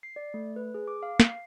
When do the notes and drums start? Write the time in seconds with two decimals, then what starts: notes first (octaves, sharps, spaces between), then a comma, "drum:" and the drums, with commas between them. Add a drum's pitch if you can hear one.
0.03 C7
0.16 D5
0.34 A3
0.56 B4
0.74 G#4
0.88 D6
1.03 F5
1.20 drum: snare
1.30 C7